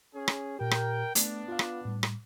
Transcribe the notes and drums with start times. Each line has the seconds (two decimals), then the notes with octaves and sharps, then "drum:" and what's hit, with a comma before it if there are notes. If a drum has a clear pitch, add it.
0.14 C#4 G#4
0.28 drum: rim click
0.59 A#2 G4 A#4 G5
0.71 drum: rim click
1.15 A3 B3 D4, drum: hi-hat
1.48 F4 F5
1.59 drum: rim click
1.85 A2 G3
2.03 drum: rim click